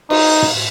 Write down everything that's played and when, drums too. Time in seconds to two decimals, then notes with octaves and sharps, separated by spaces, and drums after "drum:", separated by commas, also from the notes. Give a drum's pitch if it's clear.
0.10 D#4, drum: cymbal
0.42 drum: tom